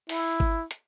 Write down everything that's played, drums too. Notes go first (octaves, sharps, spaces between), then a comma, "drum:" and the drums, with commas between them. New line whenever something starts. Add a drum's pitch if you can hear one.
E4, drum: open hi-hat
drum: kick G#1
drum: hi-hat